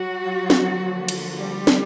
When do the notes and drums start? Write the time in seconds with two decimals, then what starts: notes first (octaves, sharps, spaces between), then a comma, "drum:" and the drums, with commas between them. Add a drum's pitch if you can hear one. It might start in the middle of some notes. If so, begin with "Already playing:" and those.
Already playing: F#3 F#4
0.50 D3 F3 A#3, drum: snare
1.08 drum: cymbal
1.38 G3 G4
1.67 drum: snare